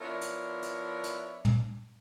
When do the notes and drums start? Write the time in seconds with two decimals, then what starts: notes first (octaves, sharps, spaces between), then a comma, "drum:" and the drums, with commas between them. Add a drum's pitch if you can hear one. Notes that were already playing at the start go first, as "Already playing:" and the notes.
0.01 F3 B3 D4 E4 A#4 C#5
0.21 drum: hi-hat
0.62 drum: hi-hat
1.04 drum: hi-hat
1.45 drum: tom